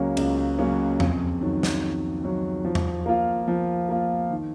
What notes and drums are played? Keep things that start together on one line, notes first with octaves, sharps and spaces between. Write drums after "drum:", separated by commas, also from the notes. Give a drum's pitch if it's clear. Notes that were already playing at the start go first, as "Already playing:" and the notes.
Already playing: C#2 C#3 F#3 A#3 C#4
C#2, drum: cymbal
C#3 F#3 A#3 C#4
F2, drum: tom E2
D#3 F#3
drum: snare
F2
D#3 F#3
F3
drum: tom E2
A#3 F4
F3
A#3 F4
D#3